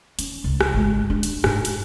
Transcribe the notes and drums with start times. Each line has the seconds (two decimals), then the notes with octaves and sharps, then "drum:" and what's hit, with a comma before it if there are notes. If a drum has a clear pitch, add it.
0.19 C#4, drum: hi-hat
0.44 C#2
0.61 drum: rim click
0.74 G#1 G#3
1.10 D4
1.23 drum: hi-hat
1.44 G#2, drum: rim click
1.65 drum: hi-hat